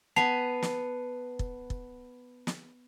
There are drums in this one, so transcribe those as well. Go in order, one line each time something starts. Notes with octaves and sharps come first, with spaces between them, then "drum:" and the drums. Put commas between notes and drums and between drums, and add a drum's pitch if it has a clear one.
B3 G#5 A5 C7 F7
drum: snare
drum: kick
drum: kick
drum: snare